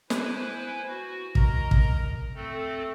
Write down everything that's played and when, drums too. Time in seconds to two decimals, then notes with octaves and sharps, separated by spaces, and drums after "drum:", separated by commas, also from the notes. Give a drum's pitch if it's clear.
0.10 E4 B4 C5 G#5, drum: snare
0.88 F#4
1.35 A#4 D#5 A#5, drum: kick
1.71 drum: kick
2.35 A3 C4 A4